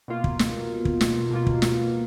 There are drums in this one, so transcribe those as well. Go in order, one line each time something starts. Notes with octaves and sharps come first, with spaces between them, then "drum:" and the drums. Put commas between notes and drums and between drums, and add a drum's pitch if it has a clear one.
B2 A#3 F4
drum: kick
drum: snare
drum: kick
drum: snare
B2 A#3 F4
drum: kick
drum: snare